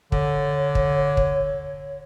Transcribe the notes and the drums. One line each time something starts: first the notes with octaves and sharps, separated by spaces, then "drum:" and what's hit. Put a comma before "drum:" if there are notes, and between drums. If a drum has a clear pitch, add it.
D3 C#5, drum: kick
drum: kick
drum: kick